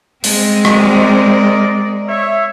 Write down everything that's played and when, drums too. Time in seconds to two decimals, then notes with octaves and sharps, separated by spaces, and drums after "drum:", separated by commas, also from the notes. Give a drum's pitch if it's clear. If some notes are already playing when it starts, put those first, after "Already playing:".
0.24 G#3 C4, drum: open hi-hat
0.65 A#4 D5 D#5, drum: rim click
2.07 C#5 E5